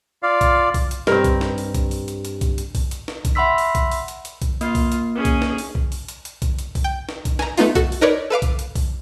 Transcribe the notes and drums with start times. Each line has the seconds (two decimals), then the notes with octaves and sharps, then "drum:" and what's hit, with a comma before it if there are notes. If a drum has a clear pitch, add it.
0.23 F4 D5 F5
0.41 drum: kick B1, hi-hat
0.74 drum: kick B1, open hi-hat
0.91 drum: hi-hat
1.07 G2 C4 A#4, drum: snare
1.24 drum: kick B1, hi-hat
1.41 drum: snare
1.58 drum: open hi-hat
1.75 drum: kick B1, hi-hat
1.91 drum: open hi-hat
2.08 drum: hi-hat
2.25 drum: hi-hat
2.41 drum: kick B1, hi-hat
2.58 drum: hi-hat
2.75 drum: kick B1, open hi-hat
2.91 drum: hi-hat
3.08 drum: snare
3.25 drum: kick B1, hi-hat
3.35 E5 F#5 B5 C6 E6 B6
3.58 drum: open hi-hat
3.75 drum: kick B1, hi-hat
3.91 drum: open hi-hat
4.08 drum: hi-hat
4.25 drum: hi-hat
4.42 drum: kick B1, hi-hat
4.61 A#3 F4, drum: hi-hat
4.75 drum: kick B1, open hi-hat
4.92 drum: hi-hat
5.15 C#4 G#4
5.25 drum: kick B1, hi-hat
5.42 drum: snare
5.58 drum: open hi-hat
5.75 drum: kick B1
5.92 drum: open hi-hat
6.08 drum: hi-hat
6.25 drum: hi-hat
6.42 drum: kick B1, hi-hat
6.59 drum: hi-hat
6.75 drum: kick B1, open hi-hat
6.84 G5
7.09 drum: snare
7.25 drum: kick B1, hi-hat
7.39 G#5 A#5, drum: snare
7.57 A3 B3 D#4 F4, drum: open hi-hat
7.75 F#4 A4, drum: kick B1, hi-hat
7.92 drum: open hi-hat
8.01 D#4 A#4 B4 C#5 D5
8.30 A4 B4 F5 D6
8.42 drum: kick B1, hi-hat
8.59 drum: hi-hat
8.76 drum: kick B1, open hi-hat